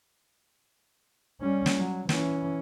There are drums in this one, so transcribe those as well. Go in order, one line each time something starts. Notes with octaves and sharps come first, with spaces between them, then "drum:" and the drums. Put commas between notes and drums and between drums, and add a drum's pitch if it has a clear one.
G3 C#4
drum: snare
F#3
E3 C#4, drum: snare